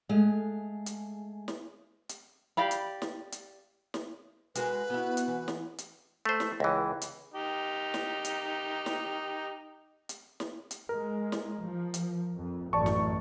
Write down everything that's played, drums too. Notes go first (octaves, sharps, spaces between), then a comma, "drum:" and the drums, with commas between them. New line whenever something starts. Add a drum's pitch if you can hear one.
G#3 A3 G#4 F5
drum: hi-hat
drum: snare
drum: hi-hat
G4 D5 F5 B5
drum: hi-hat
drum: snare
drum: hi-hat
drum: snare
G#3 F#4 A#4 B4, drum: hi-hat
B3 E4 F#4
drum: hi-hat
E3
drum: snare
drum: hi-hat
A3 C5
drum: snare
C#2 E3
drum: hi-hat
D#4 G4
drum: snare
drum: hi-hat
drum: snare
drum: hi-hat
drum: snare
drum: hi-hat
G#3 A#4
drum: snare
F3
drum: hi-hat
F2
A1 F#2 D5 A5 C#6
drum: snare